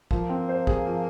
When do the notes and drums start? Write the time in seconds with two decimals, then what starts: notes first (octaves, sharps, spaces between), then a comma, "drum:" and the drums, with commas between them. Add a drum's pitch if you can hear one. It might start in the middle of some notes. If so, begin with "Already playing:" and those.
0.11 F3 A#3, drum: kick
0.29 C4
0.49 C5
0.67 G#4, drum: kick
0.86 F3